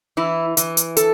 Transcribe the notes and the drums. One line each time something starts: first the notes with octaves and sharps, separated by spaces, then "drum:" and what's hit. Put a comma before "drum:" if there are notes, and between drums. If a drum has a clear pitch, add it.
E3 E4
E3, drum: hi-hat
drum: hi-hat
A4, drum: hi-hat